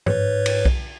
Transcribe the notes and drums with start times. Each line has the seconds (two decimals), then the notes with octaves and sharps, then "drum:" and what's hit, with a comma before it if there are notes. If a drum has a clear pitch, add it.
0.06 G#2 B4 C#5, drum: tom G2
0.46 drum: cymbal
0.65 drum: kick B1